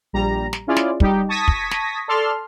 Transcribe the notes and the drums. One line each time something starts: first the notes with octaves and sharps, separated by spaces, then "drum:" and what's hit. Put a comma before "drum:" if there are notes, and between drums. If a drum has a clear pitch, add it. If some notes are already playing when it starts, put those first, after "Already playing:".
A#1 G3 A#5
drum: snare
C#4 E4 F4 G#4 D5
drum: snare
G3 D#4 G4, drum: kick
A5 C#6 D#6 G#6 A#6 B6
drum: kick
drum: snare
A4 D5 A5 C6 F6